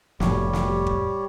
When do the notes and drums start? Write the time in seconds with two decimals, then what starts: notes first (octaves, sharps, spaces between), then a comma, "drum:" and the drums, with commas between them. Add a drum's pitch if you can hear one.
0.20 F1 A2 G3 G4 C#5, drum: snare
0.53 drum: snare
0.86 drum: kick